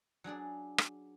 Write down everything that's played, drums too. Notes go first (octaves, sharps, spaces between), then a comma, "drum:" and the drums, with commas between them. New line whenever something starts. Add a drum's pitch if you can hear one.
F#3 D4 G#4 D5
drum: rim click